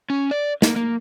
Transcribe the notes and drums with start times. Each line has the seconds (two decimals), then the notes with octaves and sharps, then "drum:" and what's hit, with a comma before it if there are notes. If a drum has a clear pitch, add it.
0.10 C#4
0.31 D5
0.62 A#3, drum: snare
0.76 A#3